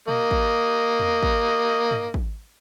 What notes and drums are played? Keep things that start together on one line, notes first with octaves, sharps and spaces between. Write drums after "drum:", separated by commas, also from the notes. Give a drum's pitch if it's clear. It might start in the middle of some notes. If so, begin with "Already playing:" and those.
A#3 D#5, drum: tom A#2
drum: kick
drum: tom E2
drum: kick
drum: tom
drum: kick